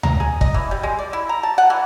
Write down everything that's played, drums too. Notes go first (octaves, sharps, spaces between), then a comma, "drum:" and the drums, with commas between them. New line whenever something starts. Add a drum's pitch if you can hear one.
A#5, drum: tom D2
G#4
D#5, drum: kick
E3
G3
G#3
D5
E4
A#5
A5
F#5
E3